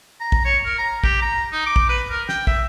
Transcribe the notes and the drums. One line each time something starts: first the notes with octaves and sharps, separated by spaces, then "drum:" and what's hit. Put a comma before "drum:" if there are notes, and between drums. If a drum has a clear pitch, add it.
A#5
drum: kick
C#5
A#4
A#5
G4, drum: kick
A#5
D#4
D6
drum: kick
B4
A#4
G5, drum: snare
E5, drum: kick